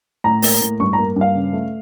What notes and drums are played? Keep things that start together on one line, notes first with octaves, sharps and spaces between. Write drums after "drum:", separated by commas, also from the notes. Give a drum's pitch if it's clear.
A2 A#5
A#3, drum: open hi-hat
A2
G2 C#6
A#5
A#3
G2 F5
C#3
A3